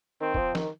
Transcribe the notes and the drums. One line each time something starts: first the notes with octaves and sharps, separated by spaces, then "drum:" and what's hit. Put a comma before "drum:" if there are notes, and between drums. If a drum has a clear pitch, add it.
D#3 C4
D#3, drum: kick
F3
D#3, drum: snare